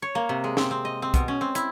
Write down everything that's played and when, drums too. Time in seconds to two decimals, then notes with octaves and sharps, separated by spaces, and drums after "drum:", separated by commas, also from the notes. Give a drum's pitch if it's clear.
0.02 C#5
0.15 A#3
0.29 C3
0.44 G#3
0.57 C4, drum: snare
0.71 C4
0.85 D#5
1.02 C4
1.14 B2, drum: kick, hi-hat
1.28 C#4
1.41 C4
1.55 E4, drum: hi-hat